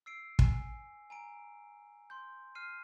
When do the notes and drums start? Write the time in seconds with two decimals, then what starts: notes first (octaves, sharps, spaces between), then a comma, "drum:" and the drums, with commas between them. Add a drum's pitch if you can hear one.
0.06 E6 C7 D7
0.39 G#5, drum: kick
1.10 G#5 A#5 D7
2.10 C6 G6
2.55 F6 C7 D#7